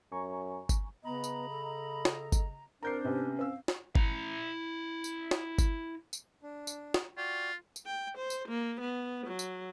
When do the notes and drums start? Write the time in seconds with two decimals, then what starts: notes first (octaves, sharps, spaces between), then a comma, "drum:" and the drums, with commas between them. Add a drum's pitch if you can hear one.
0.12 F#2 G#5 A#5 C#6
0.69 drum: kick G1, tambourine
1.04 C#3 B3 D#5 A#5 B5
1.24 drum: tambourine
1.50 A4
2.05 drum: snare
2.32 drum: kick G1, tambourine
2.83 C4 D4 A#4 C5 A#5 G6 C7
3.04 C3 B3 C#4
3.39 C4 F5 E6
3.68 drum: snare
3.95 E4 A#5, drum: kick G1
5.04 drum: tambourine
5.31 drum: snare
5.59 drum: kick G1, tambourine
6.13 drum: tambourine
6.43 D4
6.67 drum: tambourine
6.94 drum: snare
7.17 F4 F#4 D5 G5
7.76 drum: tambourine
7.86 G5
8.18 C5
8.30 drum: tambourine
8.49 A#3
8.81 B3
9.27 F#3
9.39 drum: tambourine